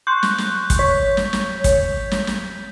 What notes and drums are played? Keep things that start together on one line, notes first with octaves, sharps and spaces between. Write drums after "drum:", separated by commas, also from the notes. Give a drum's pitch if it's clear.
C6 C#6 F#6 G6
drum: snare
drum: snare
drum: kick, hi-hat
C#5 B6
drum: snare
drum: snare
drum: kick, hi-hat
drum: snare
drum: snare